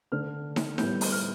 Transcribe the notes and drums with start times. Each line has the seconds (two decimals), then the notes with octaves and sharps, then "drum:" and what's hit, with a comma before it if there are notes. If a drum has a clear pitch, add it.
0.12 D3 A3 D4 F6
0.56 drum: snare
0.78 A2 G3 B3 E4 G6, drum: snare
1.01 drum: open hi-hat
1.12 F6